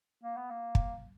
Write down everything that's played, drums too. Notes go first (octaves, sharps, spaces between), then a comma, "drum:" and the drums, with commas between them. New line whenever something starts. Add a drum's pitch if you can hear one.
A#3
B3
A#3
drum: kick